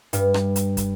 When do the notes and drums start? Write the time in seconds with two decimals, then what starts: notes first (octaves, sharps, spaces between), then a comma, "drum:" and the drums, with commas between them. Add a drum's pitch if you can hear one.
0.13 G2, drum: hi-hat
0.34 drum: rim click
0.56 drum: hi-hat
0.77 drum: kick, hi-hat